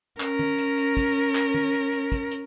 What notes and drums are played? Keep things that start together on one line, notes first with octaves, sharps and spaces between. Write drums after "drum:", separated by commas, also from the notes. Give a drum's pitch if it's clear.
C#4 A#4, drum: clap
drum: tom D#3
drum: hi-hat
drum: hi-hat
drum: kick, hi-hat
drum: clap
drum: tom D#3
drum: hi-hat
drum: hi-hat
drum: kick, hi-hat
drum: hi-hat